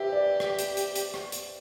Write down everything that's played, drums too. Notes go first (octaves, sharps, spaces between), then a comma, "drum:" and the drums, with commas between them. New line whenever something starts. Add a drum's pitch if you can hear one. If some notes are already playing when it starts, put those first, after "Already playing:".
Already playing: G4 B4 C5 E5
D5
drum: rim click
drum: hi-hat
drum: hi-hat
drum: hi-hat
drum: rim click
drum: hi-hat